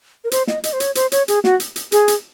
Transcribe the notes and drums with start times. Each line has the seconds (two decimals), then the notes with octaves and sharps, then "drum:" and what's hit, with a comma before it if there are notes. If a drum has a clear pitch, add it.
0.24 A#4
0.31 C5, drum: hi-hat
0.47 D#5, drum: snare
0.64 D#5, drum: hi-hat
0.73 C5
0.80 C#5, drum: hi-hat
0.95 C5, drum: hi-hat
1.12 C#5, drum: hi-hat
1.28 G#4, drum: hi-hat
1.44 F#4, drum: snare
1.60 drum: hi-hat
1.76 drum: hi-hat
1.92 G#4, drum: hi-hat
2.08 drum: hi-hat